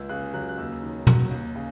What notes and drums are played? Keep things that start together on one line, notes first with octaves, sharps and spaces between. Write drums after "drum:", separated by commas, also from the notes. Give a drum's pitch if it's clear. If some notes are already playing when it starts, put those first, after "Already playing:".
Already playing: C#2 E6
C#3 F#6
F#3 F#6
F#6
D#2 E6
D#3
F#3, drum: tom
D#2
C#3